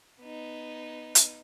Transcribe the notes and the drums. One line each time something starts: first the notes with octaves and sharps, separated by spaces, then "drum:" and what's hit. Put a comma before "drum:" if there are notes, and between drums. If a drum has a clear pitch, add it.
B3 D#4
drum: hi-hat